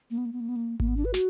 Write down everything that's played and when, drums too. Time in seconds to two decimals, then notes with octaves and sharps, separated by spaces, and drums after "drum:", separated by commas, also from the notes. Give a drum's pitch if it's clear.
0.11 A#3
0.18 B3
0.25 A#3
0.33 B3
0.40 A#3
0.49 B3
0.56 A#3
0.80 A#3, drum: kick G#1
0.88 B3
0.97 D4
1.05 B4
1.14 F#4, drum: snare